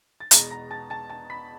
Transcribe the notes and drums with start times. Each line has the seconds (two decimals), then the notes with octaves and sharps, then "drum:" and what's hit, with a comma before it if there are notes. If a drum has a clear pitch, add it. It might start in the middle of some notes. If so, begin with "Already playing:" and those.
0.20 A6
0.31 E2 B2 G#3 B3 A#5 A#6, drum: hi-hat
0.51 A#5 A#6
0.71 A5 A6
0.90 A5 A6
1.10 A5 A6
1.30 B5 B6